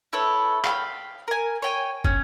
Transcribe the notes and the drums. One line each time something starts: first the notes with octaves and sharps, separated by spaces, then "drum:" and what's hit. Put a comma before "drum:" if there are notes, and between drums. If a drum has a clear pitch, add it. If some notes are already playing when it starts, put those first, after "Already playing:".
E4 A4 B4 C#5
F5 G5 B5, drum: clap
A#4 G#5
C#5 G5 G#5
C#4, drum: kick